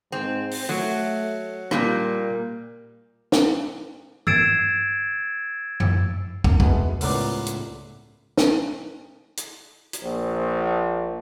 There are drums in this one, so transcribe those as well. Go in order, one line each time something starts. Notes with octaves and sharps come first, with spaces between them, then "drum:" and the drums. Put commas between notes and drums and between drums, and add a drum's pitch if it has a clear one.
G#2 C4
drum: open hi-hat
F#3 A3
A#2 G3 A#3, drum: rim click
drum: snare
E6 G#6 A6 C7 D7 E7, drum: tom G2
drum: tom F#2
drum: kick
B2 G#3 A3 B3, drum: kick
C#2 A2 B3 A#4 B4 D5, drum: open hi-hat
drum: hi-hat
drum: snare
drum: hi-hat
drum: hi-hat
A#1